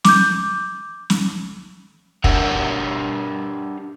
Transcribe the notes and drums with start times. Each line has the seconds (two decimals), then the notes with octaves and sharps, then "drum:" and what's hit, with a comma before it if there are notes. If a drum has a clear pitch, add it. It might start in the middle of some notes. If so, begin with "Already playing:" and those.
0.04 D6 G6, drum: snare
1.10 drum: snare
2.24 D4 G4 A#4 E5 F#5, drum: kick